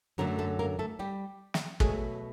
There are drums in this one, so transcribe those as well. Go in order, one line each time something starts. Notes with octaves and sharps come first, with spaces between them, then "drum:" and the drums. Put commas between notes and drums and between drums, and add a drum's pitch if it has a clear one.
F#2 D3 F#3 A3 A#3 A#4
A3 A4
A#3 A#4
A3 A4
G3 G4
drum: snare
B2 F#3 G#3 A3 G#4, drum: kick